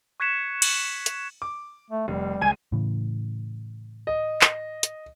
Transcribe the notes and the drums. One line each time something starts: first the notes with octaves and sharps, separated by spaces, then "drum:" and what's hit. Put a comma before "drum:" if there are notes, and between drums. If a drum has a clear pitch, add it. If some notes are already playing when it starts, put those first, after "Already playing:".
C#6 F#6 G#6 B6 C#7 E7
drum: cymbal
drum: hi-hat
D6
A3
F1 G3
C#2 G#5 D#7
A2 C#3 E3
D#5
drum: clap
drum: hi-hat